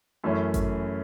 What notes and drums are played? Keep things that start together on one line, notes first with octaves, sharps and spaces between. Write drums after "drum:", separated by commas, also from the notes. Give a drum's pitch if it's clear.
F#2 E3 A3 C#4
drum: kick G1, hi-hat